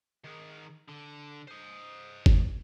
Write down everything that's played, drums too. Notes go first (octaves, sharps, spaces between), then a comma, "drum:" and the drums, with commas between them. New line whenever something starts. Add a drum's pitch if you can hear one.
D#3 G#4
D3
C5 D#5
drum: kick G1